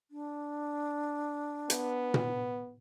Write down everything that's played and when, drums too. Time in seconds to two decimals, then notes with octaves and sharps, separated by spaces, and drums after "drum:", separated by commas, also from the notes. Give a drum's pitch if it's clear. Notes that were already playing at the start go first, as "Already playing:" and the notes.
0.11 D4
1.70 B3, drum: hi-hat
2.14 drum: tom A#2